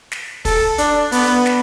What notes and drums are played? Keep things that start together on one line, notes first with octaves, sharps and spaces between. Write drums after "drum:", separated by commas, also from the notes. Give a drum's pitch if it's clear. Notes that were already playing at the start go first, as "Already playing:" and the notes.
drum: snare
A4, drum: kick, open hi-hat
D4, drum: hi-hat
B3, drum: open hi-hat
drum: snare